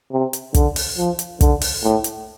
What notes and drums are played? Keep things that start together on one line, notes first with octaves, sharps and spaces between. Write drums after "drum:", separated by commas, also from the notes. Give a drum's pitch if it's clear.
C3
drum: hi-hat
D3, drum: kick, hi-hat
drum: open hi-hat
F3
drum: hi-hat
D3, drum: kick, hi-hat
drum: open hi-hat
A2
drum: hi-hat